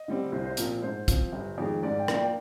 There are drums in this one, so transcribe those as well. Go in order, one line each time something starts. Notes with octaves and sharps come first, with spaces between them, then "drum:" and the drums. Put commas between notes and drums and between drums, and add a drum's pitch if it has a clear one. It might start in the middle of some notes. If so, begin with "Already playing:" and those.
Already playing: D#5
D3 G3 C4
C2 C5
C5
A#2 F3 C4 A#4, drum: hi-hat
G#2 C5
F3 C4, drum: kick, hi-hat
G1
F2 D#3 G#3
G#2 D5
G5
F3 A#3 D4, drum: rim click
G5